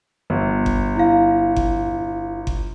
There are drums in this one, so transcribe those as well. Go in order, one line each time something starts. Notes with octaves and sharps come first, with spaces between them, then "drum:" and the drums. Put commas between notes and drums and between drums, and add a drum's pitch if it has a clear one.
G1
drum: kick G1
E4 F5
drum: kick G1
drum: kick G1